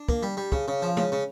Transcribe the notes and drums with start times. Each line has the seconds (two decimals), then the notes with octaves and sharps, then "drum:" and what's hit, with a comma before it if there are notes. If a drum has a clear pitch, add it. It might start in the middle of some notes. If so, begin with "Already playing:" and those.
Already playing: D4
0.09 A#3, drum: kick
0.23 G3
0.37 G3
0.52 C#3, drum: kick
0.68 C#3
0.82 F3
0.97 C#3, drum: tom G#3
1.12 C#3